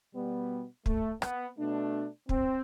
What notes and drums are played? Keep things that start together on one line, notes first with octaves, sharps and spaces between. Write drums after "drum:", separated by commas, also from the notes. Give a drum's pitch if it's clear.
B2 G3 B3
A3, drum: kick
B3, drum: rim click
B2 A3 D4
C4, drum: kick